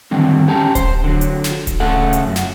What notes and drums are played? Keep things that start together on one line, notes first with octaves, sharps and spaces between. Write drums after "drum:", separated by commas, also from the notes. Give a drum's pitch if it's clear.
D3 D#3 G3 C4
C#4 G4 A5 A#5
C5, drum: kick D1, hi-hat
D3 F#3
drum: hi-hat
drum: snare
drum: kick D1, hi-hat
C#3 A3 A4 F#5
drum: hi-hat
F#2
drum: snare